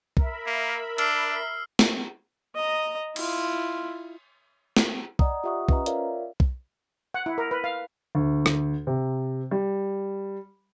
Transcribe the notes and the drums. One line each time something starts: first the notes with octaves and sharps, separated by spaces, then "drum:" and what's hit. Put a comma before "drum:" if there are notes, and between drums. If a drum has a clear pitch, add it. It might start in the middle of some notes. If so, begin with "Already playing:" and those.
A#4 E5 B5, drum: kick
A#3
D4 E6 F6 C7, drum: hi-hat
drum: snare
D#5 A#5
E4 F4, drum: cymbal
drum: snare
D5 D#5 F#5 A#5 D#6, drum: kick
F4 G4 E5 F#5 C#6 D#6
C#4 B4 D#5 A#5, drum: kick
F4 A#4 C#5 D5 E5 F5, drum: hi-hat
drum: kick
F#5
E4
A#4
B4
F5
D2
drum: rim click
C3
G3